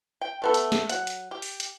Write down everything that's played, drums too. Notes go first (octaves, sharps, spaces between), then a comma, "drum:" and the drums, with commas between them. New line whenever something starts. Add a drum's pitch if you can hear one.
G5
A3 B3 A4
drum: hi-hat
drum: snare
F#3 F#5, drum: hi-hat
drum: hi-hat
G4
drum: open hi-hat
drum: hi-hat